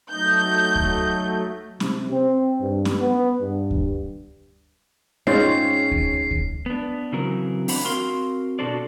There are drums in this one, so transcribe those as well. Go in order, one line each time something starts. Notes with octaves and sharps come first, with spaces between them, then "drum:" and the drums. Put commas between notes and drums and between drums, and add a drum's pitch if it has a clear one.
F#3 A3 D#4 G6
drum: kick D2
C3, drum: snare
C4
G2
drum: snare
B3
G2
drum: kick D2
G#2 C4 C#4 F4 C7
drum: kick D2
drum: kick D2
B3 D4
C#3 E3 F#3 C4 A#4
C4 D4 C5 F#5 B5, drum: open hi-hat
C4 F#4 A#4 F5 C6
B2 D4 F#4 A4 C5 D5